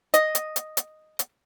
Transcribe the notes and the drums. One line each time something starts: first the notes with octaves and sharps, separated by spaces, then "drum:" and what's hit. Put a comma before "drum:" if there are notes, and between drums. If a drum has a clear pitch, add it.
D#5, drum: hi-hat
drum: hi-hat
drum: hi-hat
drum: hi-hat
drum: hi-hat